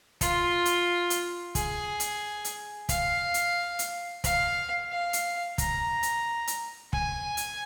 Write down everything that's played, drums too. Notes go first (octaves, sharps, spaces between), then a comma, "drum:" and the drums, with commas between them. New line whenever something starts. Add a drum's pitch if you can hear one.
F4, drum: kick, hi-hat
drum: hi-hat
drum: hi-hat
G#4, drum: kick, hi-hat
drum: hi-hat
drum: hi-hat
F5, drum: kick, hi-hat
drum: hi-hat
drum: hi-hat
F5, drum: kick, hi-hat
F5
drum: hi-hat
A#5, drum: kick, hi-hat
drum: hi-hat
drum: hi-hat
G#5, drum: kick
drum: hi-hat